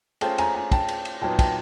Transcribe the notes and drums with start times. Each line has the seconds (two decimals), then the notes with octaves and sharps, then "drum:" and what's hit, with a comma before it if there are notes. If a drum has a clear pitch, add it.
0.21 A3 C#4 F4 G#4 C5 G5 A5, drum: cymbal
0.38 G#5 A#5, drum: cymbal
0.55 G#5 A#5
0.72 G5 A5, drum: kick, cymbal
0.88 drum: cymbal
1.05 drum: cymbal
1.21 A#2 F#3 B3 D#4 G5 A5
1.39 G5 A5, drum: kick, cymbal